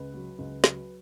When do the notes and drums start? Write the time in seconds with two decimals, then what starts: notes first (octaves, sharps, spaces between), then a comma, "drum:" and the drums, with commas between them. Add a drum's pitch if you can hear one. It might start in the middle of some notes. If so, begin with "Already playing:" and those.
Already playing: C#2 B4
0.14 F#3
0.39 C#2
0.64 F#3, drum: snare